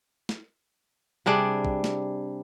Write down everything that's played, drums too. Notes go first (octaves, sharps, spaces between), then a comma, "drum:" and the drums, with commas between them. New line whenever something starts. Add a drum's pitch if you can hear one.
drum: snare
C3 G3 D4 G#4
drum: kick B1
drum: snare